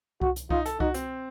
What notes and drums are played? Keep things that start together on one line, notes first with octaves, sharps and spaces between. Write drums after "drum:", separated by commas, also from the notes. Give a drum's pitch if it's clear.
F#4, drum: kick C2
drum: hi-hat
D#4 F4, drum: kick C2
A4, drum: hi-hat
D#4 F#4, drum: kick C2
C4, drum: hi-hat